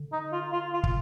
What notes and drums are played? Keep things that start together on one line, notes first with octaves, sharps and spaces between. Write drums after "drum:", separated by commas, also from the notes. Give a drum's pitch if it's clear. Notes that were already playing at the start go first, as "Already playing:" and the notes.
Already playing: D3
D#4
F4
F4
F4
drum: kick